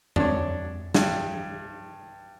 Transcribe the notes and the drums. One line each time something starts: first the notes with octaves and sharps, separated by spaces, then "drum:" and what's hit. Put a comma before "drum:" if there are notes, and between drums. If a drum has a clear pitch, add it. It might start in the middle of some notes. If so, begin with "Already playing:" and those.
D4 C#5, drum: tom F2
G2, drum: snare